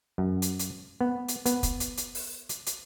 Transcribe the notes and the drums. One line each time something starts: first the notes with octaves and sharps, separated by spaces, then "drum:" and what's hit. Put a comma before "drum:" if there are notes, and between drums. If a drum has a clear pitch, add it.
F#2
drum: hi-hat
drum: hi-hat
B3
drum: hi-hat
B3, drum: hi-hat
drum: kick, hi-hat
drum: hi-hat
drum: hi-hat
drum: open hi-hat
drum: hi-hat
drum: hi-hat